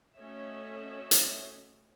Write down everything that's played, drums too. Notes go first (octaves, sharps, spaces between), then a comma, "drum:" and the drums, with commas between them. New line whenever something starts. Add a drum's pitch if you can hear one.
A3 C#4 F#4 C#5 D#5 E5
drum: hi-hat